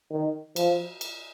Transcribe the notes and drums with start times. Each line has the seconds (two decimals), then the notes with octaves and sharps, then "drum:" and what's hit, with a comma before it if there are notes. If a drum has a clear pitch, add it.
0.11 D#3
0.56 F3, drum: cymbal
1.01 drum: cymbal